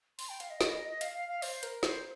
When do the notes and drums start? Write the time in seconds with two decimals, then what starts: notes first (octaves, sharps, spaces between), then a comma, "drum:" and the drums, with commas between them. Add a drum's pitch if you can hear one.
0.19 C6, drum: open hi-hat
0.29 G5
0.40 F5, drum: hi-hat
0.50 D#5
0.61 D#5, drum: snare
0.73 D#5
0.88 D#5
1.01 F5, drum: hi-hat
1.14 F5
1.29 F5
1.42 C5, drum: open hi-hat
1.63 A#4, drum: hi-hat
1.83 C5, drum: snare